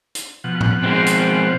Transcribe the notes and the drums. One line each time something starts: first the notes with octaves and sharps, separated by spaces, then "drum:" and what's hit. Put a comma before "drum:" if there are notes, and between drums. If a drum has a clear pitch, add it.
drum: hi-hat
B2 F3 F#5
drum: tom A2
G#3 C4 C5
drum: hi-hat